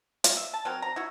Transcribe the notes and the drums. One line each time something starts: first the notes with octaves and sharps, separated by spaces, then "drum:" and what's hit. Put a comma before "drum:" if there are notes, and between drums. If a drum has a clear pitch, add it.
F4, drum: hi-hat
E5
A5
F#3 C4 A#4
A#5
E4 F#4